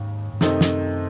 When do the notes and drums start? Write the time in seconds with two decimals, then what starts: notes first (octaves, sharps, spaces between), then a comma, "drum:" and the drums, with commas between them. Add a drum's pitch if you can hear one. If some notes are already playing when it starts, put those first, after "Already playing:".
Already playing: D#2 G#2 C#3
0.33 G#2
0.41 F#2 C3 D#3 A3 D#4, drum: snare
0.61 drum: snare